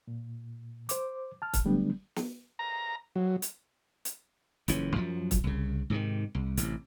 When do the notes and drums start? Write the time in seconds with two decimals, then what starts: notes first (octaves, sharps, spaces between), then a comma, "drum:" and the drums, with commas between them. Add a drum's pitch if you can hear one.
0.08 A#2
0.89 C5 D6, drum: hi-hat
1.42 A5 F6
1.53 drum: kick, hi-hat
1.65 D3 F#3 G3 A3 B3 D4
2.16 drum: snare
2.59 A#5
3.16 F#3
3.42 drum: hi-hat
4.05 drum: hi-hat
4.68 F#1 F2 E3 C#4, drum: hi-hat
4.96 F#2 F3 F#3
5.31 drum: kick, hi-hat
5.44 C2 C#3
5.90 G#2 C3 D#3
6.35 C2
6.57 A1 C3, drum: hi-hat